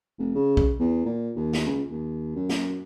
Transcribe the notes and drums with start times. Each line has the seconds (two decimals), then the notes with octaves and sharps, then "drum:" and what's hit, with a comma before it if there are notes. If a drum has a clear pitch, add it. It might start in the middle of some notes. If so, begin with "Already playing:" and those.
0.19 F1
0.35 C#3
0.57 drum: kick
0.79 E2
1.05 A#2
1.36 D#2
1.53 drum: snare
1.66 C#2
1.91 D#2
2.36 F#2
2.49 drum: snare